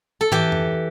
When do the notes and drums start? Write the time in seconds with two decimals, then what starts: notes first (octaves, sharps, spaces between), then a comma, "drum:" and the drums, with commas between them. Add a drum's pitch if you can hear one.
0.21 A4
0.32 E3 G4, drum: tom
0.52 drum: tom F2